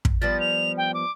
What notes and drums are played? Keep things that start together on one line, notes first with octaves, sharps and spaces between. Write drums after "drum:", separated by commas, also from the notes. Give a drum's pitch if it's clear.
drum: kick
F3 G3 B3 A6
F7
G5
D6